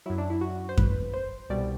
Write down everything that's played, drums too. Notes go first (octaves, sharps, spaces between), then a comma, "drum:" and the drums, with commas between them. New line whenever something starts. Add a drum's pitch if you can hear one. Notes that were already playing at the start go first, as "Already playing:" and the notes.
F#2 F#3 E4
D4
E4
F#4
C5
B4, drum: kick F#2
C5
C2 B2 G3 D5